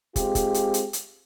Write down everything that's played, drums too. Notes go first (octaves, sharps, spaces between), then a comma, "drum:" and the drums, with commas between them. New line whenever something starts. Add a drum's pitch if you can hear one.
G#3 C4 F4 G4, drum: kick, hi-hat
drum: kick, hi-hat
drum: hi-hat
drum: hi-hat
drum: hi-hat